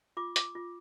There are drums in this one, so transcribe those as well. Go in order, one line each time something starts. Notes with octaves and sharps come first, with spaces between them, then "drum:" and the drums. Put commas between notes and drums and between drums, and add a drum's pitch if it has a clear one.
F4 D6
D6, drum: hi-hat
F4